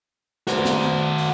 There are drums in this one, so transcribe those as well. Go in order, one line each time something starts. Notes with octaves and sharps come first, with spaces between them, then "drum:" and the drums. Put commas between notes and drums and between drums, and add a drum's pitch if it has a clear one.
F#4 C5, drum: snare
drum: snare
drum: hi-hat
drum: open hi-hat